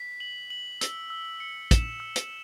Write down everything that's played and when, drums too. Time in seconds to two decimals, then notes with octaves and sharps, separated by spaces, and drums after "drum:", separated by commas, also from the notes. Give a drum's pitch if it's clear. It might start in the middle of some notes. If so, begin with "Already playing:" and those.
Already playing: B6
0.20 F#7
0.50 F#7
0.81 E6, drum: hi-hat
1.10 E6
1.40 C#7
1.71 E7, drum: kick, hi-hat
2.00 E6
2.16 drum: hi-hat